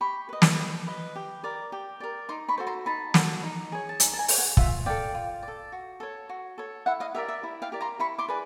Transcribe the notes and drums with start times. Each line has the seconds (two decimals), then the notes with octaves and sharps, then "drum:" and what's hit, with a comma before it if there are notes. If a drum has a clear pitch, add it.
0.01 G4 B5 C#6
0.29 B4 D#5
0.42 drum: snare
0.58 G4
0.87 B4 D#5
1.16 G4
1.44 A#4 D5
1.72 G4
2.00 A#4 D5
2.29 D#4 C6 D6
2.49 B5 C#6
2.58 F#4 A4 C5
2.67 A#5 C6
2.86 D#4 A5 B5
3.14 F#4 A4 C5, drum: snare
3.44 D#4
3.72 G#4 C#5
3.89 A5
4.00 D#4 G#5 A#5, drum: hi-hat
4.13 A5
4.19 G#5 A#5
4.28 G#4 C#5, drum: open hi-hat
4.38 F#5 G#5
4.57 F4 E5 F#5, drum: kick
4.86 A4 D5 F5 G5
5.15 F4
5.43 D5
5.48 A4
5.72 F#4
6.00 A4 C#5
6.29 F#4
6.58 A4 C#5
6.86 E4 E5 F#5
7.00 D#5 F5
7.14 G4 A#4 D5 E5
7.29 E5
7.43 E4
7.62 F5 G5
7.72 G4 A#4 D5
7.81 A#5 C6
7.99 E4 B5 C#6
8.19 C6 D6
8.29 G#4 B4 D5